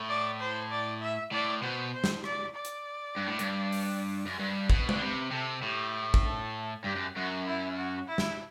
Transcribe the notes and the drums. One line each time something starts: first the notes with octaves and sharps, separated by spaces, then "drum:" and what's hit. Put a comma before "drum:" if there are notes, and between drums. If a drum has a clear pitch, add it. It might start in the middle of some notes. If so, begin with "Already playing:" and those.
Already playing: A2
D5
C5
D5
E5
A2 D5
B2 C5
C5
drum: snare
D5, drum: rim click
D5
drum: hi-hat
G2
A2
G2, drum: hi-hat
drum: open hi-hat
F#2
G2
B2, drum: kick
D3, drum: tom
C3 B4
C3 A4
A2 G4
drum: kick
A4
G2 G4
F#2
F#2 F#4
E4
F#4
E4
drum: snare